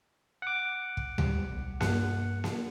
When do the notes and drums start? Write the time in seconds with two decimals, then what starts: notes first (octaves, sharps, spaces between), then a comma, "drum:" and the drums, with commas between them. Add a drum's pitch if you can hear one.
0.42 F#5 D6
0.97 drum: kick
1.18 G3, drum: tom D2
1.52 B1
1.81 G2 F#5, drum: snare A#3
2.44 drum: snare A#3